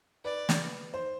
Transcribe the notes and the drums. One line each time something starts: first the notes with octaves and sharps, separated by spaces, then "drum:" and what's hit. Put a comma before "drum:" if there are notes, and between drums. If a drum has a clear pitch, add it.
B4 D5
drum: snare
C5